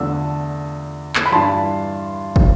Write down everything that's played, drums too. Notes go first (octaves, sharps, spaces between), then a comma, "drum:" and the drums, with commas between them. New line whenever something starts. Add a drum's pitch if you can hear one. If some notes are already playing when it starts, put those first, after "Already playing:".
Already playing: E2 D3 A3 D4 F4 E6
drum: clap
B5
G2 E3 G3 D4 F4 A5 C6
drum: kick